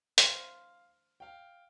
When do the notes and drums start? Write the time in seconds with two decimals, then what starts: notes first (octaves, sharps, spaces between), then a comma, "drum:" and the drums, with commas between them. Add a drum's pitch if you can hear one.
0.18 C5 F5, drum: hi-hat
1.20 F5 G5